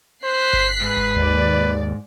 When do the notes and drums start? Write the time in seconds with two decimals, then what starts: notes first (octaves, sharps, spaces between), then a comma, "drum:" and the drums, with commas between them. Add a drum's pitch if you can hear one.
0.24 C5 F#6 B6 C7
0.53 drum: kick G1
0.81 G#2 B4
0.97 drum: kick G1
1.16 D#2 D5